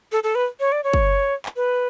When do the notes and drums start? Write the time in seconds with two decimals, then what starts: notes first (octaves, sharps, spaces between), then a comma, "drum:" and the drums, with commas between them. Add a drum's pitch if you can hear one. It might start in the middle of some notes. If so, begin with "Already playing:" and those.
0.12 A4
0.24 A4
0.35 B4
0.60 C#5
0.72 D5
0.84 C#5
0.93 drum: kick
1.46 drum: clap
1.56 B4